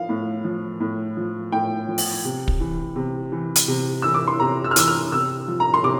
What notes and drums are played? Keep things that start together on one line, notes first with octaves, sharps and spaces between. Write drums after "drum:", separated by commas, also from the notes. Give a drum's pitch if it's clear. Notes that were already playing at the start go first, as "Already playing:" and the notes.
Already playing: F3 F5
A2
F3
A2
F3
A2 G5
F3
drum: open hi-hat
C3
drum: kick
E3
C3
E3
drum: hi-hat
C3
E3 E6
D6
C6
C3 A#5
E6
F6
E3 E6, drum: hi-hat
F6
C3 E6
F3
A#5
C6
C3 D6